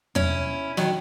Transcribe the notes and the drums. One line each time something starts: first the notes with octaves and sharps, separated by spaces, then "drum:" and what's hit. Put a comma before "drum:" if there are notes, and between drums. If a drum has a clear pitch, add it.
C#4 E4, drum: tom E2
D#3 F#3, drum: snare